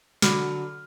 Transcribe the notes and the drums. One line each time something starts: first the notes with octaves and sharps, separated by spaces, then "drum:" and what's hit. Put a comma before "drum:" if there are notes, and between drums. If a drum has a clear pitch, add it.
D3 F#3 B5 D6 F6, drum: snare